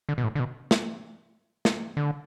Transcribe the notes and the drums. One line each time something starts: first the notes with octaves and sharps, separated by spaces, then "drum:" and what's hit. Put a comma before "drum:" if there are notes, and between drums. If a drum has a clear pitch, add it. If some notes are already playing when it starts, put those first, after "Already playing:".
D3
B2
A2
D3
B2
drum: snare
drum: snare
D3